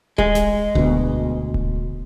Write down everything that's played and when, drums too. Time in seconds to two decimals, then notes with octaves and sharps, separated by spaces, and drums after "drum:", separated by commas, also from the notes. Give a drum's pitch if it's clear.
0.18 G#3, drum: kick D1
0.35 drum: snare G#1
0.75 D2 B2, drum: kick D1
1.54 drum: kick D1